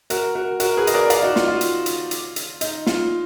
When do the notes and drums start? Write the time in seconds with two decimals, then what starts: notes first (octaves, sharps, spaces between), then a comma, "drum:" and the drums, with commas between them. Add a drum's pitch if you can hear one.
0.10 F#4 A#4, drum: hi-hat
0.35 F#4 A#4
0.60 F#4 A#4, drum: hi-hat
0.77 G#4 B4
0.87 D#5, drum: hi-hat
0.94 A#4 D5
1.10 D5 F5, drum: hi-hat
1.23 D#4 F#4
1.36 F4, drum: snare
1.48 F4
1.61 drum: hi-hat
1.86 drum: hi-hat
2.11 drum: hi-hat
2.36 drum: hi-hat
2.61 D#4, drum: hi-hat
2.87 F4, drum: snare